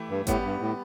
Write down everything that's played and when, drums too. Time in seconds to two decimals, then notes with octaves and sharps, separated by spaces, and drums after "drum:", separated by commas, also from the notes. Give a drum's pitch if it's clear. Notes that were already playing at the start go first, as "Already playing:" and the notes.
Already playing: E3 A3 E4 G4
0.10 G2
0.27 A2 G3 B3 G4, drum: kick G#1, hi-hat
0.44 G2
0.61 A2